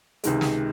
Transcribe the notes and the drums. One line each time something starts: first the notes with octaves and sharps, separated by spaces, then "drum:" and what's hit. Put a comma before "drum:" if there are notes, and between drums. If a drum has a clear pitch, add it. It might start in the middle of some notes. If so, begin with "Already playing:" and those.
C#2 C3 D#3 G#3, drum: hi-hat
drum: snare